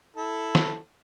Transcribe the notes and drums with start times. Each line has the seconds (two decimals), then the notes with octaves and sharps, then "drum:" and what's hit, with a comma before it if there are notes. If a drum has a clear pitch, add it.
0.17 E4 A4
0.55 drum: snare